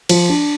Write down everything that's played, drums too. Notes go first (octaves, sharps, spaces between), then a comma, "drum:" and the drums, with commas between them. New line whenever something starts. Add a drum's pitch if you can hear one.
F3, drum: cymbal
D4